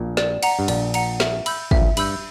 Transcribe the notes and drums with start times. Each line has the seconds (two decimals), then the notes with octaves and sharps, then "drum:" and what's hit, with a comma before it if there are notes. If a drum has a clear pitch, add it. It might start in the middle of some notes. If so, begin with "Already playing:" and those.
Already playing: A#1 A#2
0.17 D5, drum: snare
0.43 F#5 A#5, drum: cymbal
0.59 G2
0.68 A#1 A#2 D5, drum: cymbal
0.94 F#5 A#5, drum: cymbal
1.20 E5, drum: snare
1.46 B5 E6 G6, drum: cymbal
1.71 A#1 A#2 E5, drum: kick
1.97 G2 B5 E6 G6, drum: cymbal